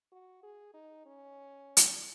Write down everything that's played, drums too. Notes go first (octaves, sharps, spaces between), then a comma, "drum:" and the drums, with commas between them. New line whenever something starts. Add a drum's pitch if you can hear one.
F#4
G#4
D#4
C#4
drum: hi-hat